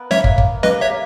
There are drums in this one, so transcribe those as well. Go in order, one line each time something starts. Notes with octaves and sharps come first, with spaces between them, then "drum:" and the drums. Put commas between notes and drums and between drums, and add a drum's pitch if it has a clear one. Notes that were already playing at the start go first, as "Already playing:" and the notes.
Already playing: B3 A#4
A#3 C#5 E5, drum: snare
drum: kick
A#3, drum: kick
G4 B4 D#5, drum: snare
C#5 E5
A#3